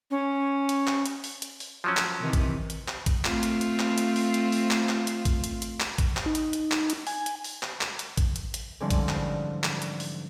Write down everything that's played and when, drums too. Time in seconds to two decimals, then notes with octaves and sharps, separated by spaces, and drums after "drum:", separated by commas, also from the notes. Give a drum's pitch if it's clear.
0.11 C#4
0.69 drum: hi-hat
0.87 drum: clap
1.06 drum: hi-hat
1.24 drum: open hi-hat
1.42 drum: hi-hat
1.60 drum: open hi-hat
1.84 F3 F#3 C#4
1.97 drum: clap
2.20 C3 D#3 E3
2.33 drum: kick A1, hi-hat
2.70 drum: hi-hat
2.88 drum: clap
3.06 drum: kick A1, hi-hat
3.25 A3 C4 F4, drum: clap
3.43 drum: hi-hat
3.61 drum: hi-hat
3.79 drum: clap
3.98 drum: hi-hat
4.16 drum: open hi-hat
4.34 drum: hi-hat
4.52 drum: open hi-hat
4.71 drum: clap
4.89 drum: clap
5.07 drum: hi-hat
5.25 drum: kick A1, hi-hat
5.44 drum: hi-hat
5.62 drum: hi-hat
5.80 drum: clap
5.98 drum: kick A1, hi-hat
6.17 drum: clap
6.26 D#4
6.35 drum: hi-hat
6.53 drum: hi-hat
6.71 drum: clap
6.90 drum: hi-hat
7.07 G#5, drum: open hi-hat
7.26 drum: hi-hat
7.44 drum: open hi-hat
7.63 drum: clap
7.81 drum: clap
7.99 drum: hi-hat
8.17 drum: kick A1, hi-hat
8.36 drum: hi-hat
8.54 drum: hi-hat
8.80 G#2 D3 E3 F3 G3 C#4
8.90 drum: kick A1, hi-hat
9.09 drum: clap
9.63 drum: clap
9.82 drum: hi-hat
10.00 drum: open hi-hat